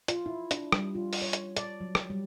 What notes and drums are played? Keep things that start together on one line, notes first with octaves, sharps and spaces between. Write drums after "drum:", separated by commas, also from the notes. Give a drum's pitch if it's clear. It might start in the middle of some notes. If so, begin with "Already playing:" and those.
F4, drum: hi-hat
E4
D4, drum: hi-hat
G3, drum: rim click
F4
drum: open hi-hat
C#5
drum: hi-hat
D5, drum: hi-hat
F#3
drum: rim click
G3